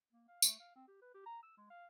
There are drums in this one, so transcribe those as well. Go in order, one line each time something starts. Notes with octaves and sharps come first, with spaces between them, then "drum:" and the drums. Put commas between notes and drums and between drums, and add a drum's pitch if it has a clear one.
A#3
F5
A3, drum: tambourine
F5
C4
G4
B4
G4
A#5
E6
G#3
F5